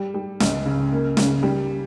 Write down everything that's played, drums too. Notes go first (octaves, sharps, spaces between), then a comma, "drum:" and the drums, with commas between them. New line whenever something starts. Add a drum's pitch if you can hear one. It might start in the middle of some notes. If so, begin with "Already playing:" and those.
Already playing: G3
G3
C#2, drum: snare
C#3
A#3
C#3, drum: snare
G3